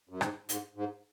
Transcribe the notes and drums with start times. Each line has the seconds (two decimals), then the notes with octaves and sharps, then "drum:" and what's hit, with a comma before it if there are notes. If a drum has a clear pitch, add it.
0.09 F#2
0.21 G#2, drum: rim click
0.49 G#2, drum: hi-hat
0.76 G#2